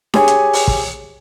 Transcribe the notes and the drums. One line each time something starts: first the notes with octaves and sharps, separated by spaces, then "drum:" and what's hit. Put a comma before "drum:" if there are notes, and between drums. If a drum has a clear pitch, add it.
G4 G#4 C#5 G#5, drum: snare D4
drum: hi-hat
drum: open hi-hat
drum: kick